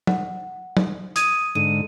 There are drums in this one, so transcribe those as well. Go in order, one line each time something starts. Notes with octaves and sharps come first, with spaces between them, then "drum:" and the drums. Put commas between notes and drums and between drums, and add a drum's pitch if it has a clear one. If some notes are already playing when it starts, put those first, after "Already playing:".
F#5, drum: tom
drum: tom
D#6 G#6 D#7, drum: hi-hat
G#2 D3 D#7